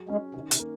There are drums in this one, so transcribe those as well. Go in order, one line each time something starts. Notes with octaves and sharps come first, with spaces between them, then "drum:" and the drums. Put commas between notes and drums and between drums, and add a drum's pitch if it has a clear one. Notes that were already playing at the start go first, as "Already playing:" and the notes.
Already playing: F#3 G#4
G#3 C#4
C3 D#3
C3, drum: hi-hat
A#3